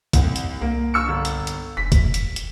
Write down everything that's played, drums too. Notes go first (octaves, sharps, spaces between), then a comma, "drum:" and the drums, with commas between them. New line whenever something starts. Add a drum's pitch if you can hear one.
C2, drum: kick, hi-hat
drum: hi-hat
C2 A#3
C#6 E6 C#7
G1
drum: hi-hat
drum: hi-hat
F1 B6
drum: kick, hi-hat
drum: hi-hat
drum: hi-hat